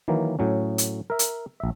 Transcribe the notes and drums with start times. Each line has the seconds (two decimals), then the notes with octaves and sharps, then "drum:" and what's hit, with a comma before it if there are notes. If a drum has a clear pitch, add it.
0.08 D#3 E3 F#3 A#3
0.39 A2 F#3 C#4
0.78 drum: hi-hat
1.10 A#4 E5
1.19 drum: hi-hat
1.60 A#1 E5